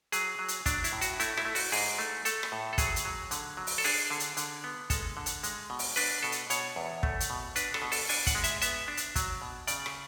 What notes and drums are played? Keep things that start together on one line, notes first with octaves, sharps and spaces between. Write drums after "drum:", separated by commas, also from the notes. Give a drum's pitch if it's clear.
F#3 G#4, drum: hi-hat
F#3
drum: hi-hat
F#3 D4, drum: kick, hi-hat
E4, drum: hi-hat
A2
F#4, drum: hi-hat
A3 E4, drum: hi-hat
E4, drum: rim click
A3
F#4, drum: open hi-hat
G#2 G#4, drum: open hi-hat
A3
A3 A4, drum: hi-hat
drum: rim click
A2
A4
F#3 G#4, drum: kick, hi-hat
drum: hi-hat
F#3
D3, drum: hi-hat
F#3
drum: open hi-hat
A4
D4 G#4, drum: open hi-hat
D3
drum: hi-hat
D3, drum: hi-hat
B3
G#3 A4, drum: kick, hi-hat
D3
drum: hi-hat
G#3, drum: hi-hat
B2
drum: open hi-hat
D4 B4, drum: open hi-hat
B2 A4
drum: hi-hat
B2 C#5, drum: hi-hat
E2
A3, drum: kick
drum: hi-hat
B2
D4 B4, drum: hi-hat
A4, drum: rim click
B2
A4, drum: open hi-hat
D4 G#5, drum: open hi-hat
F#5, drum: kick, hi-hat
G#3
E5, drum: hi-hat
B3 E5, drum: hi-hat
D4
drum: hi-hat
F#3, drum: kick, hi-hat
B2
C#3 D5, drum: hi-hat
drum: rim click